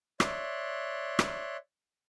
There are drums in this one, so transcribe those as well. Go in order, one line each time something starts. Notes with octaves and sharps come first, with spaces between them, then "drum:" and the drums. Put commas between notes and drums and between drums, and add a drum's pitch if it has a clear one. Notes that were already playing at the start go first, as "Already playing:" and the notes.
C#5 D5 E5 C6 F#6, drum: rim click
drum: rim click